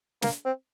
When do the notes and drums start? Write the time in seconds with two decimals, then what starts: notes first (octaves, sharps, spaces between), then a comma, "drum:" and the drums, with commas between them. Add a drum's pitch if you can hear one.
0.22 A#3, drum: snare
0.45 C4